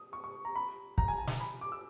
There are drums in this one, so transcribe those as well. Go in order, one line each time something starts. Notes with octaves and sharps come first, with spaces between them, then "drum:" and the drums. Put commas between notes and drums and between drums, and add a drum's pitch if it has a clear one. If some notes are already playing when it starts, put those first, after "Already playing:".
Already playing: D#6
C#6
C#6
A#5
B5
A#5, drum: kick
G#5
A5
drum: snare
B5
D6
E6